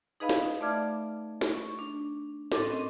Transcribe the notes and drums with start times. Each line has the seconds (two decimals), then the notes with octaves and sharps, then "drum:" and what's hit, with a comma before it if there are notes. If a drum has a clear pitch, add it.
0.20 D#4 G#4 B4 D#5 F5 B5
0.29 drum: snare
0.61 A3 D5 E5 D6 F6 G#6
1.41 drum: snare
1.54 C#6
1.79 D4
2.52 A2 C4 A4 A#4 D6, drum: snare
2.71 C4 C#4 D#5